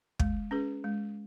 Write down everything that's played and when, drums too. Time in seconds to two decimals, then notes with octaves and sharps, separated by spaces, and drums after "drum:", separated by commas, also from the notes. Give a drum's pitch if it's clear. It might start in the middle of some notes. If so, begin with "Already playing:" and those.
0.19 G#3, drum: kick
0.51 C#4 G#4 B4
0.84 G#3